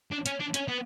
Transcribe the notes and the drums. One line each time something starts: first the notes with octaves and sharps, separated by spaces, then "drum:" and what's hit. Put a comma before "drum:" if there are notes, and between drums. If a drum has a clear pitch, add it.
D4
C#4, drum: hi-hat
D4
C#4, drum: hi-hat
B3